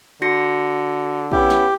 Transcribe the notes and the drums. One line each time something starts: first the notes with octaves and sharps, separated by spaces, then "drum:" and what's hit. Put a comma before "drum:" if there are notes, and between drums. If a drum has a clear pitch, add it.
D3 F#4 A#6 C#7
B3 C#4 E4 G4, drum: kick
drum: snare